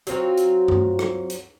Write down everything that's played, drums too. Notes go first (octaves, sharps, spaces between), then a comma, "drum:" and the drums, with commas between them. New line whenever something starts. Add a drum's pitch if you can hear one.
F#3 C4 F4 F#4, drum: hi-hat
drum: hi-hat
drum: tom
drum: rim click
drum: hi-hat